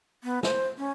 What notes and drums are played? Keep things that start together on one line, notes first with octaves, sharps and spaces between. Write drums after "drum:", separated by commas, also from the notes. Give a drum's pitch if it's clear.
B3
C5, drum: snare
C#4